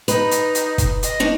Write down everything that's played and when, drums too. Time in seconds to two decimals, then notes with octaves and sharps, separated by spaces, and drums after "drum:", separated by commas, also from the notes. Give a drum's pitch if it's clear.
0.08 D#4 B4, drum: hi-hat
0.31 drum: hi-hat
0.55 drum: hi-hat
0.78 drum: kick, hi-hat
1.03 D#5, drum: hi-hat
1.20 D4 D#4 C#5